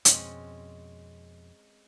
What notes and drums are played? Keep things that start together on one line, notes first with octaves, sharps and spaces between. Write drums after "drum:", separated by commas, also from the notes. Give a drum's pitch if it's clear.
F2 B2 G#3 C4 C#4, drum: hi-hat